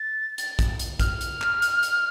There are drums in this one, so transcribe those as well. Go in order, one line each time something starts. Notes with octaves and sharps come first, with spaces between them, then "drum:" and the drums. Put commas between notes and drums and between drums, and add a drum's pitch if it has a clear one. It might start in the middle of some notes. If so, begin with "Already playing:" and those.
Already playing: A6
drum: hi-hat
drum: kick, hi-hat
drum: hi-hat
F6, drum: kick, hi-hat
drum: hi-hat
drum: clap
drum: hi-hat
drum: hi-hat